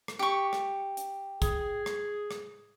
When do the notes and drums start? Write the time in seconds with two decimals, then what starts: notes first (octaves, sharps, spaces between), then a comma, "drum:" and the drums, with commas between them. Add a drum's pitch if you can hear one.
0.08 drum: rim click
0.19 G4 C#6
0.53 drum: rim click
0.97 drum: hi-hat
1.42 G#4, drum: kick, hi-hat
1.86 drum: rim click
2.31 drum: rim click